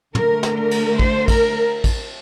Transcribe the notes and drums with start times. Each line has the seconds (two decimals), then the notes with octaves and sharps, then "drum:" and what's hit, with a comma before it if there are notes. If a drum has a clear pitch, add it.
0.15 D3 A3 A#4, drum: tom
0.43 drum: snare
0.57 A#4
0.71 drum: cymbal
0.99 C5, drum: kick
1.28 A#4, drum: kick, cymbal
1.84 drum: kick, cymbal